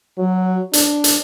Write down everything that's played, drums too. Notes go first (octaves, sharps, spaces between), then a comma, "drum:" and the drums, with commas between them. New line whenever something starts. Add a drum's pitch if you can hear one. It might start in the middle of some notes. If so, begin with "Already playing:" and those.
F#3
D4, drum: hi-hat
drum: hi-hat